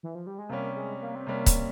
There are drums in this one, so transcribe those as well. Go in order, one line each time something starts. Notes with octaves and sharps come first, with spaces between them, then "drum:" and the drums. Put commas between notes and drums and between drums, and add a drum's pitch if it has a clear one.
E3
F3
G3
G#3
C3 G3 A#3 C#4
G#3
A#3
C4
C3 G3 A#3 C#4
drum: kick C#1, hi-hat